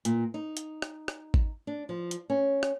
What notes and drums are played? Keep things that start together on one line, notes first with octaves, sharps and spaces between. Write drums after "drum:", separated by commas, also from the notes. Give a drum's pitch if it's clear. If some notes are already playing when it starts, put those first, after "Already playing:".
A#2, drum: hi-hat
D#4
drum: hi-hat
drum: rim click
drum: rim click
drum: kick G#1
D4
F3
drum: hi-hat
C#4
drum: rim click